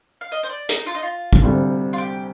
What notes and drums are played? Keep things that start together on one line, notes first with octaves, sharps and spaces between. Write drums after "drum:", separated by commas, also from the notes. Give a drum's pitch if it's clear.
F5
D#5
C5
D5
D#4, drum: hi-hat
F4
D#4
F4
drum: kick
D2 C3 G3 C4
F4
G4